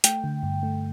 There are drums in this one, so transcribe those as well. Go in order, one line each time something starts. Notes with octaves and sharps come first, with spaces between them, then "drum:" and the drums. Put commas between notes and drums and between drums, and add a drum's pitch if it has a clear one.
A3 G5, drum: hi-hat
D3
G2
A3